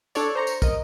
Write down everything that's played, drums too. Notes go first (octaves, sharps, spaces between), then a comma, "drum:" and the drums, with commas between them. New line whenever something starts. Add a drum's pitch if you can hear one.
D4 A4 C#5 D5, drum: tambourine
C5 A#5 C#6
drum: tambourine
A#4 D#5, drum: kick, tambourine